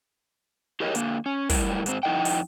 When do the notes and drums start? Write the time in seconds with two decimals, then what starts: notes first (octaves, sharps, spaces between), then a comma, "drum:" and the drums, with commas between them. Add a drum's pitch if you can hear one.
0.80 E4 G4 G#4 A#4 C#5 D#5
0.95 D3 A#3, drum: hi-hat
1.26 C#4
1.50 F#2 A2 D#3 G3 E4 A#4, drum: kick, open hi-hat
1.86 G#2 C4, drum: hi-hat
2.03 F2 D#4 E4 D#5 F#5 G5
2.25 drum: open hi-hat